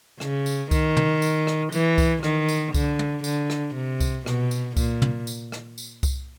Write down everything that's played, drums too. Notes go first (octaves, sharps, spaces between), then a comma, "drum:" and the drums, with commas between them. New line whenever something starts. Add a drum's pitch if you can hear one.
C#3, drum: rim click
drum: tambourine
D#3, drum: kick C2, tambourine
drum: tom
drum: tambourine
drum: rim click
E3, drum: tambourine
drum: kick C2, tambourine
D#3, drum: rim click
drum: tambourine
D3, drum: kick C2, tambourine
drum: tom
D3, drum: tambourine
drum: rim click
C3
drum: kick C2, tambourine
B2, drum: rim click
drum: tambourine
A#2, drum: kick C2, tambourine
drum: tom
drum: tambourine
drum: rim click
drum: tambourine
drum: kick C2, tambourine